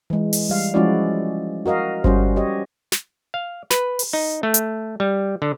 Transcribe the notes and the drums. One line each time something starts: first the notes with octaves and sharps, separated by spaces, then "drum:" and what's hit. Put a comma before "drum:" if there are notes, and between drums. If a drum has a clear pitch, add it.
E3 G#3
drum: open hi-hat
G3 F5
F3 G#3 C#4 E4 F#4 D5
F#4 A#4 D#5 F5
G3 C#4 F#4 C5, drum: kick G1
G4 C#5 D#5
drum: snare
F5
B4, drum: snare
drum: open hi-hat
D#4
A3
drum: hi-hat
G3
D3